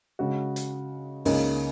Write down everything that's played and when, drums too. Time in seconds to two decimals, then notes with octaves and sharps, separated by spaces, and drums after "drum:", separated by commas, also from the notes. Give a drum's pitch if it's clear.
0.19 C#3 G#3 F#4
0.56 drum: hi-hat
1.25 C#2 C#3 A#3 D#4 G#4, drum: open hi-hat